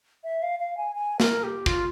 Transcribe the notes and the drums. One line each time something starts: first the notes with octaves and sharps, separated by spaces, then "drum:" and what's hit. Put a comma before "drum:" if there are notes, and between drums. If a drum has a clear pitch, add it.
E5
F5
F5
G#5
G#5
A#4, drum: snare
G4
F4, drum: kick